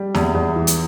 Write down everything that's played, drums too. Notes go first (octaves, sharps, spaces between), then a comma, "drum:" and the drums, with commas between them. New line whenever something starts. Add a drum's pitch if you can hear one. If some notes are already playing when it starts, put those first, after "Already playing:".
Already playing: G3
E2, drum: snare
E2
E3
drum: hi-hat